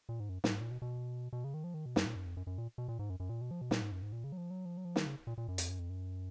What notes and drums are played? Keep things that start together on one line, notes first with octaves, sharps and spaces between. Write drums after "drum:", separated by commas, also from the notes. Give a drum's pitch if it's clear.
A#2
G#2
F#2
A#2, drum: snare
G#2
A#2
B2
B2
B2
C#3
D#3
F3
D#3
B2
F#2, drum: snare
A#2
F#2
F2
F#2
F#2
A#2
B2
A#2
G#2
F#2
F#2
A#2
B2
F3
B2
A#2, drum: snare
G#2
F#2
G#2
A#2
C#3
F#3
F3
F#3
F3
F#3
F3
D#3, drum: snare
C#3
A#2
A#2
F#2
F2, drum: hi-hat
F#2
F2
F#2